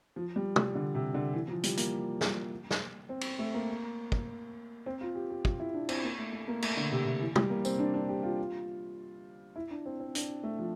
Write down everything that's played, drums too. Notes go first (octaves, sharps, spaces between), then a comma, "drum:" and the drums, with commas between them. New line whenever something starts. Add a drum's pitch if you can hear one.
F3
G3
G3, drum: tom
D3
C3
D3
E3
F3
G3, drum: hi-hat
A#3, drum: hi-hat
drum: snare
drum: snare
C4
drum: cymbal
A3
A#3
drum: kick
C4
F4
G4
G4
F4, drum: kick
E4
D4
C4, drum: cymbal
A#3
A3
A3
A#3
A3, drum: cymbal
D3
C3
C3
E3
G3, drum: tom
A#3
C4, drum: tambourine
D4
D4
G4
F4
E4
D4
C4
C4
D4, drum: hi-hat
A3
F3